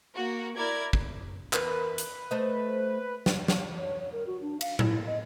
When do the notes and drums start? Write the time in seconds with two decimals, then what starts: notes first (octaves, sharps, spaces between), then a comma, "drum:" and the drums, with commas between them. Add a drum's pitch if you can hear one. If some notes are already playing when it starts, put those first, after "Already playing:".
0.13 A#3 F#4
0.55 E4 A#4 D5 G#6
0.93 drum: kick
1.53 E2 A#4 B4, drum: clap
1.98 drum: hi-hat
2.31 A3 C5 D#5
3.26 drum: snare
3.48 drum: snare
3.77 C#5
4.00 C#5
4.13 A#4
4.27 F#4
4.41 D4
4.61 F5, drum: cymbal
4.79 E4, drum: tom A2
5.07 D#5